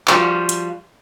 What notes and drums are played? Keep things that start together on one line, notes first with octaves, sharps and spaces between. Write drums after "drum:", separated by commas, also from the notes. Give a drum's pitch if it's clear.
F3 G3 F4 F#4, drum: clap
drum: hi-hat